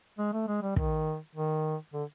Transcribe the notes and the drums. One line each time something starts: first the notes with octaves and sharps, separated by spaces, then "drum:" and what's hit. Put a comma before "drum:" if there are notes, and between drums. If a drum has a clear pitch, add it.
G#3
A3
G#3
G3
D#3, drum: kick
D#3
D3